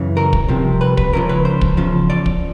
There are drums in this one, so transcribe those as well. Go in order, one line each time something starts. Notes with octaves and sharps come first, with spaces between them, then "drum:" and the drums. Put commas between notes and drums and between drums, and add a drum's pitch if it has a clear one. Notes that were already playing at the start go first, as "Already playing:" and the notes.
Already playing: F#2 C#3 E3
A#4
drum: kick
C2 C3 F3
B4
B4, drum: kick
C#2 C#3 F3 A#4
B4
C5
drum: kick
E2 C#3 F3
D5
drum: kick